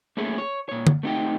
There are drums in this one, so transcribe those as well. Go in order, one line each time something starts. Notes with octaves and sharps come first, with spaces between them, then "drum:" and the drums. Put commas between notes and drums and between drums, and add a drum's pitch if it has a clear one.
A3 A#3 C#4 E4 G#4 A4
C#5
A#2 C#5
drum: tom
A3 C4 D#4 G4 G5